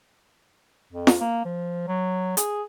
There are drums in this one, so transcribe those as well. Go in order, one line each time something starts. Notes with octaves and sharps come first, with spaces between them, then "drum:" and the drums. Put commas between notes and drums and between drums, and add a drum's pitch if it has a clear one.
F2
drum: snare
A#3
F3
F#3
G#4, drum: hi-hat